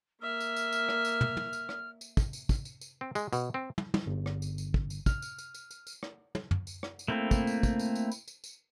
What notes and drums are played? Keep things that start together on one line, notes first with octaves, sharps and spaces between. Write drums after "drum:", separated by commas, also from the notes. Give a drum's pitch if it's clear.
A#3 E5 F6
drum: tambourine
drum: tambourine
drum: tambourine
drum: rim click
drum: tambourine
drum: tom
drum: tom
drum: tambourine
drum: rim click
drum: tambourine
drum: kick, tambourine
drum: tambourine
drum: kick, tambourine
drum: tambourine
drum: tambourine
C4
G#3, drum: tambourine
B2, drum: tambourine
C4
drum: tom
drum: tom
G1
drum: rim click
drum: tambourine
drum: tambourine
drum: kick
drum: tambourine
F6, drum: kick, tambourine
drum: tambourine
drum: tambourine
drum: tambourine
drum: tambourine
drum: tambourine
drum: rim click
drum: tom
drum: tom
drum: tambourine
drum: rim click
drum: tambourine
A3 A#3 C4 E4
drum: kick, tambourine
drum: tambourine
drum: kick, tambourine
drum: tambourine
drum: tambourine
drum: tambourine
drum: tambourine
drum: tambourine